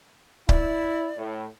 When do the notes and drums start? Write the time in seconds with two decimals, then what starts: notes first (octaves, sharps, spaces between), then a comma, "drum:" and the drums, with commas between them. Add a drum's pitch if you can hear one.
0.49 E4 D5, drum: kick C#1
1.17 A2